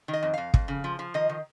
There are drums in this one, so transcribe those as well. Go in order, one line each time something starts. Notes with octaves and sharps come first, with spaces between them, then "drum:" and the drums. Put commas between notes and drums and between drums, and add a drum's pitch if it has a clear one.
D#3
D#5
F2
F2 F5
F2, drum: kick
C#3
F3
F3
D#3 D#5
D#3